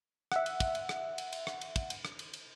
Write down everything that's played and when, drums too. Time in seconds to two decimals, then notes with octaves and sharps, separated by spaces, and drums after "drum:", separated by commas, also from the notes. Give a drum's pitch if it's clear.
0.32 E5 F#5, drum: rim click
0.46 drum: cymbal
0.60 drum: kick, cymbal
0.75 drum: cymbal
0.89 drum: rim click
1.18 drum: cymbal
1.33 drum: cymbal
1.47 drum: rim click
1.61 drum: cymbal
1.76 drum: kick, cymbal
1.90 drum: cymbal
2.05 drum: rim click
2.19 drum: cymbal
2.33 drum: cymbal